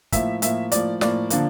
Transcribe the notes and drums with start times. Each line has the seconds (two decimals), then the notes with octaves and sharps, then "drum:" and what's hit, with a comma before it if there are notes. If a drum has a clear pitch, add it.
0.12 A2 F3 A#3 E5, drum: kick, hi-hat
0.42 A2 F3 A#3 E5, drum: hi-hat
0.72 A2 F3 A#3 D5, drum: hi-hat
1.01 A2 F3 A#3 D5, drum: snare
1.30 D3 F3 A#3, drum: hi-hat